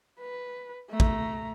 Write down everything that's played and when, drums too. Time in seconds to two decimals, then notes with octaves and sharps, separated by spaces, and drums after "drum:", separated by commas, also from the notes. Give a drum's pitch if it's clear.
0.20 B4
0.90 A3 A#5
1.00 drum: kick